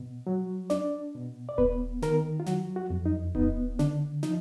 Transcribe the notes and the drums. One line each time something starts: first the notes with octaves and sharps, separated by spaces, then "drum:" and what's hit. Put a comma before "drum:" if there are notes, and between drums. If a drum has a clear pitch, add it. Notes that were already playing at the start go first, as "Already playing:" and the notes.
Already playing: B2
F#3
D4 D5, drum: snare
B2
D5
B3 B4, drum: kick D#1
D#3 A#4, drum: snare
F4
F#3 F#4, drum: snare
F#4
F2
D#4
B3 D#4, drum: kick D#1
D3 D4, drum: snare
F3 D#4, drum: snare